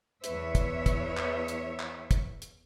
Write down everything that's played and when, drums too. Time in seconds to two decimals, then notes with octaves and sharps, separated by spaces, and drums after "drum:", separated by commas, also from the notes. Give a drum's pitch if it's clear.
0.24 E2 B4 C#5 E5, drum: hi-hat
0.55 drum: kick, hi-hat
0.86 drum: kick, hi-hat
1.17 drum: clap
1.48 drum: hi-hat
1.80 drum: clap
2.11 drum: kick, hi-hat
2.42 drum: hi-hat